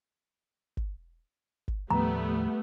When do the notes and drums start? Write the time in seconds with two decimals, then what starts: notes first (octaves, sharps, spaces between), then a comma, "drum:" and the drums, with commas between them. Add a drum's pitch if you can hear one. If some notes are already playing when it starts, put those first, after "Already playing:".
0.77 drum: kick G1
1.68 drum: kick G1
1.90 D#2 A2 F3 G3 A3 B3 A#5